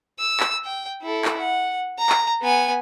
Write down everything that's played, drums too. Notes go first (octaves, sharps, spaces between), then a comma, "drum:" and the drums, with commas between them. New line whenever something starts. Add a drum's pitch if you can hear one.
E6
drum: clap
G5
E4 A4
drum: clap
F#5
A#5
drum: clap
B3 G#5